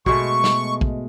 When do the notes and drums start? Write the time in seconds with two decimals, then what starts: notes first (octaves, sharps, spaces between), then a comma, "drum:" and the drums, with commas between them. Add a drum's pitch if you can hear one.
0.06 B2 G#3 A3 C#6, drum: kick
0.44 drum: snare
0.81 drum: kick